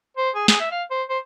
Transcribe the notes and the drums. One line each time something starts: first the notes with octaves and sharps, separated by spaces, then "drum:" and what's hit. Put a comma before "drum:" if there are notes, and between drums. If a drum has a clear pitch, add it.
C5
G#4
G#4, drum: snare
E5
F5
C5
C5